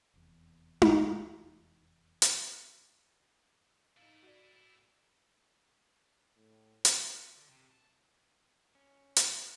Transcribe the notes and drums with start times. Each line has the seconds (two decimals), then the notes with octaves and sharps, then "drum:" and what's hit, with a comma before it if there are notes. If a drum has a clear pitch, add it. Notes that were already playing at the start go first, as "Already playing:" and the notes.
0.14 F1 E2
0.82 drum: tom D#4
2.22 drum: hi-hat
3.97 A3 D#4 E4 F5
4.23 F#4 D5
6.35 A2
6.85 drum: hi-hat
7.14 F3
7.36 D3
7.48 C3
7.70 A5
8.75 C#4
9.16 drum: hi-hat